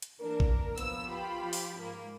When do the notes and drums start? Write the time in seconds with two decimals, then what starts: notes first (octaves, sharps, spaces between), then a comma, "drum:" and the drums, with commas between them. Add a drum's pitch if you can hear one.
0.02 drum: hi-hat
0.20 E3 A#3 D4 A#4
0.40 drum: kick A1
0.78 F3 B3 E6, drum: hi-hat
1.08 F4 G4 B5
1.43 F3
1.53 drum: open hi-hat
1.77 G#2 A#3